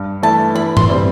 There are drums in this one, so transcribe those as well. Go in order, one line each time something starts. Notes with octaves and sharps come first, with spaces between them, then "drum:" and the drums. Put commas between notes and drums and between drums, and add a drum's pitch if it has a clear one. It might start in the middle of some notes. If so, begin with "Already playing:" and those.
Already playing: G2
E3 A3 E4 A5
E3 B5
C6, drum: tom G2
G3 C4 E4